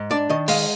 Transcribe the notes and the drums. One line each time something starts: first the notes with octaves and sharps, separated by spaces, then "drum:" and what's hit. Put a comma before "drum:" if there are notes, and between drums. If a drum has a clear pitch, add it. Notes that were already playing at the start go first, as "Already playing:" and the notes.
Already playing: G#2
D4 D5
D#3 D#5
G#3 F5, drum: open hi-hat